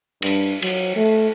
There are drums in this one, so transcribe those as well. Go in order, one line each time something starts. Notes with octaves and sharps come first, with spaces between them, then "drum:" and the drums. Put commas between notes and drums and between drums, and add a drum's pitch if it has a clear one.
G2, drum: cymbal
F#3, drum: cymbal
A3